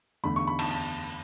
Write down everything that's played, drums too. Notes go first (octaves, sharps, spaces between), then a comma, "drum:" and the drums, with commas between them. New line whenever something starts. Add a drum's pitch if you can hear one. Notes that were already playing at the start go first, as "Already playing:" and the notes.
E2 D3 A3 B5
C#6
B5
A5, drum: cymbal
A5